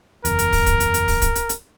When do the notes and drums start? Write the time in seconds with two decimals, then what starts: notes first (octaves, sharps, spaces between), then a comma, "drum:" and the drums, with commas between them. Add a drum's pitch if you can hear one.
0.25 F#1 E2 A#4, drum: hi-hat
0.39 drum: hi-hat
0.52 drum: kick, open hi-hat
0.66 drum: kick, hi-hat
0.80 drum: hi-hat
0.94 drum: hi-hat
1.08 drum: kick, open hi-hat
1.22 drum: kick, hi-hat
1.35 drum: hi-hat
1.49 drum: hi-hat